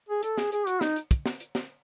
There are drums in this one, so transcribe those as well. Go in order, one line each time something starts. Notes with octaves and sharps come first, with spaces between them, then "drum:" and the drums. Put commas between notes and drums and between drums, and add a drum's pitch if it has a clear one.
G#4
A4, drum: hi-hat
G#4, drum: snare
G#4, drum: hi-hat
F#4, drum: hi-hat
D#4, drum: snare
drum: hi-hat
drum: kick, hi-hat
drum: snare
drum: hi-hat
drum: snare